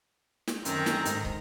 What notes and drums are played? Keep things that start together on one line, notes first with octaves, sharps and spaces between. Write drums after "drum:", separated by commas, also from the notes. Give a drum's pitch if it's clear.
drum: snare
F#2 D3 D#3 C4 C5 A#5, drum: hi-hat
drum: snare
G#2, drum: hi-hat
drum: kick